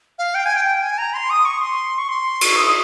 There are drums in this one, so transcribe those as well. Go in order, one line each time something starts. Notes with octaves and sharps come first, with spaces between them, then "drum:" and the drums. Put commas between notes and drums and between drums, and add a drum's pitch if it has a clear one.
F5
G5
G#5
G5
G#5
A#5
C6
D#6
C#6
C6
C#6
C6
C#6, drum: cymbal
D#6
D#6